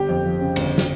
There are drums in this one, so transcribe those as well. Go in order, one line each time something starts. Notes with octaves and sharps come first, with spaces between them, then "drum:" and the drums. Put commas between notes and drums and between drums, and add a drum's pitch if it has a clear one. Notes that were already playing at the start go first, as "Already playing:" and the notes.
Already playing: G1 G4 G5
F2
F3
C#3
G1, drum: cymbal
drum: snare